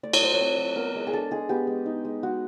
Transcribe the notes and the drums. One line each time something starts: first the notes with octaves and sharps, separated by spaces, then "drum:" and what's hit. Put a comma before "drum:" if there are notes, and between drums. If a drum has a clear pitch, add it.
A3 D5
C#5, drum: cymbal
F#3 C5
C#5
C4
F#3
B3 A#4
G#3
G#4
D4 A4
G#3 G#4
B3 G4
G#3
D#4
G#3
G#3 F#4